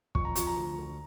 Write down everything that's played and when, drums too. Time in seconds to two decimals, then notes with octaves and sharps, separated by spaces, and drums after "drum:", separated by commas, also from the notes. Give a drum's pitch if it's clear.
0.15 F2 C#6, drum: kick
0.25 A#5
0.35 F3 C#6, drum: hi-hat
0.47 A#5
0.57 D2
0.79 D2